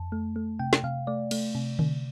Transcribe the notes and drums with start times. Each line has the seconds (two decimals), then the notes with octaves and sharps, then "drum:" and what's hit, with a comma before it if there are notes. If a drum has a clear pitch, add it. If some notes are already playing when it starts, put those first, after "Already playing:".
Already playing: F2 A5
0.12 A3
0.36 A3
0.59 C3 G5
0.73 drum: snare
0.84 C3 F5
1.07 A3 D5
1.31 A3, drum: cymbal
1.55 C3
1.79 C3, drum: tom D3